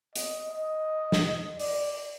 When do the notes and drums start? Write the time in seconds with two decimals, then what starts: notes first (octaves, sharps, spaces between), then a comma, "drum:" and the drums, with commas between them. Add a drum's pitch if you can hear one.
0.15 D#5, drum: hi-hat
0.51 D#5
1.12 drum: snare
1.59 D5, drum: open hi-hat